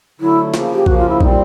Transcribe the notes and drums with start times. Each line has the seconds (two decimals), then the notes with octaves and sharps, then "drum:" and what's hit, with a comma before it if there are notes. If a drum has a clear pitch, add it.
0.20 D3 F#3 A3 E4
0.54 C#3 F3 A#3, drum: snare
0.74 G4
0.86 C#3 F3 A#3 F#4, drum: kick A#1
0.98 F4
1.09 E4
1.21 A#2 G3 C4 D#4, drum: kick A#1